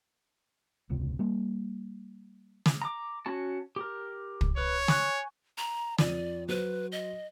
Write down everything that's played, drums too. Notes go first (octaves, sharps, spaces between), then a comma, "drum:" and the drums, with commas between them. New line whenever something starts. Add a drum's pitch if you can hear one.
E1 C#2 C3
G3 A#3
drum: snare
A#5 D6
C#4 F#4 A5
G4 A#4
drum: kick
B4 C#5
G#5 C#6 F#6, drum: snare
A#5
F2 D5 D#7, drum: snare
F#3 B4 C5
D#5